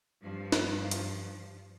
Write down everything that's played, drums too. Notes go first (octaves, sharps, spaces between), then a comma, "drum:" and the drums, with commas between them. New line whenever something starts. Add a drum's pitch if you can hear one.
G2 F3
drum: snare
drum: hi-hat